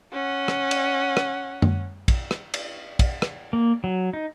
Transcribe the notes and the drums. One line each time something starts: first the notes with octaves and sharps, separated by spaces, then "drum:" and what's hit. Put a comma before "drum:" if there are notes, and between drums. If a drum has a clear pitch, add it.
C#4 F#5
drum: rim click
drum: cymbal
drum: rim click
drum: tom F#2
drum: kick, cymbal
drum: rim click
drum: cymbal
drum: kick, cymbal
drum: rim click
A#3
F#3
D#4